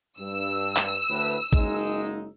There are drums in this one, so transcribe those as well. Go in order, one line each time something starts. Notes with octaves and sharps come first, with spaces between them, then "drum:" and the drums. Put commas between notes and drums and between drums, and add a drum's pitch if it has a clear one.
G2 E6
drum: clap
D2 A2 B4
F#1 G#3 D#4, drum: kick